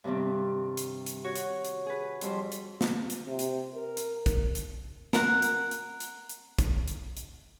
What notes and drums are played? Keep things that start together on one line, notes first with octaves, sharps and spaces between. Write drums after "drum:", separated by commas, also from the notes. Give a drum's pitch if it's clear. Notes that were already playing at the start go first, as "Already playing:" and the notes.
G2 C3 D#3 G3 C4
drum: hi-hat
drum: hi-hat
F#4 C#5
drum: hi-hat
drum: hi-hat
G#4 B4
F2 G3 C5, drum: hi-hat
drum: hi-hat
drum: snare
drum: hi-hat
C3
drum: hi-hat
A#4
drum: hi-hat
drum: kick, hi-hat
drum: hi-hat
A#4 F#5, drum: snare
drum: hi-hat
drum: hi-hat
drum: hi-hat
drum: hi-hat
drum: kick, hi-hat
drum: hi-hat
drum: hi-hat